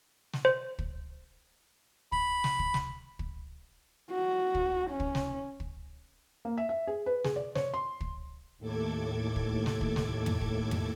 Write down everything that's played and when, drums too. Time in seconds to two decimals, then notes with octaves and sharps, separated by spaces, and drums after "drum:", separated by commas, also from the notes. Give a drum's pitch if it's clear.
0.33 drum: snare
0.45 C5
0.79 drum: kick
2.12 B5, drum: kick
2.44 drum: snare
2.59 drum: kick
2.74 drum: snare
3.19 drum: kick
4.11 F#4
4.55 drum: kick
4.91 C#4
5.00 drum: kick
5.15 drum: snare
5.60 drum: kick
6.45 A#3
6.58 E5
6.69 E5
6.87 G#4
7.06 B4
7.24 G#4, drum: snare
7.36 D5
7.55 C#5, drum: snare
7.74 C6
8.01 drum: kick
8.58 D#2 A2 A4 D6 G#6
9.36 drum: kick
9.66 drum: snare
9.81 drum: kick
9.96 drum: snare
10.26 drum: tom
10.41 drum: kick
10.71 drum: tom